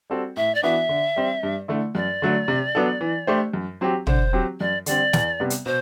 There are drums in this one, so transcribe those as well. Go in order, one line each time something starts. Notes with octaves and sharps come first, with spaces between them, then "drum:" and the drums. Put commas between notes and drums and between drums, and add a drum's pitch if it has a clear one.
G3 C4 F#4 A4
A2 E5
D5
E3 B3 D4 F#4 E5
D3
G3 C4
G2
D3 A3 E4
F#2 D5
D3 F#3 A3
C3
F#3 B3 D4 A4
E3
A3 D4 G4 C5
F#2
F#3 C4 G4
D3 C5, drum: tom
F#3 C4 G4
F#2 D5
D3 G3 C4 D5, drum: hi-hat
E2, drum: snare
C3 G3 B3
drum: hi-hat
B2 C5